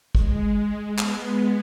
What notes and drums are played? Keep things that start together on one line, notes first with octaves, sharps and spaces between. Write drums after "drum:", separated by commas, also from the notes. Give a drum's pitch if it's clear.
G#3, drum: kick G#1
B3, drum: clap